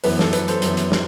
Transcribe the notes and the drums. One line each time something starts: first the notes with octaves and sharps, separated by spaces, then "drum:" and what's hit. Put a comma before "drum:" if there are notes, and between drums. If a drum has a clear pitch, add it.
F#2 E3 B3 B4, drum: open hi-hat
A4, drum: snare
B4, drum: hi-hat
A4 C5, drum: hi-hat
F#2 E3 B3, drum: hi-hat
drum: hi-hat
drum: snare